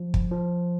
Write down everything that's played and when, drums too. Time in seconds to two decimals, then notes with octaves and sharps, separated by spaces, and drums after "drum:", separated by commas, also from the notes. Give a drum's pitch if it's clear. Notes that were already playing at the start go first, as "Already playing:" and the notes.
Already playing: F3
0.14 drum: kick
0.31 F3